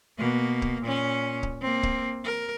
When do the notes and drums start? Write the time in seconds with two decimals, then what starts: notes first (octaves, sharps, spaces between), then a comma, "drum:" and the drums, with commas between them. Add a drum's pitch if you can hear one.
0.18 B2 A#3
0.62 drum: kick C#1
0.82 A#2 C#4
1.43 drum: kick C#1
1.62 A#3 C4
1.83 drum: kick C#1
2.25 A#4